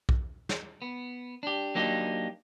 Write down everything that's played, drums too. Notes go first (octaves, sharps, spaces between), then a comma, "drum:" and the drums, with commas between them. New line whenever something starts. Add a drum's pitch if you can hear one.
drum: kick B1
drum: snare
B3
D4 G4
F#3 A#3 D4 D#4 G4